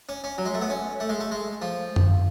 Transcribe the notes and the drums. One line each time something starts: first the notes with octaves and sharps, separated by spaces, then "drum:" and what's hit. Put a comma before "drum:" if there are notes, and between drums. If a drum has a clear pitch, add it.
C#4
C#4
F#3
G#3
A3
B3
C#4
A3
G#3
A3
G#3
F3
drum: tom F#2